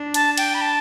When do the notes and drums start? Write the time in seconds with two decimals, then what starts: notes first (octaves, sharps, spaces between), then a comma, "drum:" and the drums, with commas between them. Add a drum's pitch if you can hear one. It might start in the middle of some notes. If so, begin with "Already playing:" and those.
Already playing: D4
0.14 A5, drum: hi-hat
0.37 G5, drum: cymbal
0.54 B5
0.61 A5